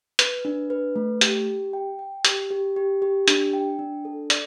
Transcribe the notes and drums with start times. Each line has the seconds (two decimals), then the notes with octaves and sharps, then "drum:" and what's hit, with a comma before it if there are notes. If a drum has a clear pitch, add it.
0.19 B4, drum: hi-hat
0.45 D4
0.70 B4
0.96 A3
1.21 G4, drum: hi-hat
1.48 G4
1.73 G5
1.99 G5
2.25 G4, drum: hi-hat
2.51 G4
2.76 G4
3.02 G4
3.28 D4, drum: hi-hat
3.53 G5
3.79 D4
4.05 A4
4.30 D5, drum: hi-hat